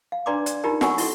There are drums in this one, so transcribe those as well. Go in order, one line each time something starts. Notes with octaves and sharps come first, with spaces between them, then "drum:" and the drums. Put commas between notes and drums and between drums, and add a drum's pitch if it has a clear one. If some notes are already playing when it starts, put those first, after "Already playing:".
F5
D4 B4 D5 A#5 C6 D6
D5, drum: hi-hat
D#4 F4 G4 A#4 A#5 B5
F#5 G#5 A#5 B5 C#6 E6, drum: snare
E4 F#4 A4, drum: open hi-hat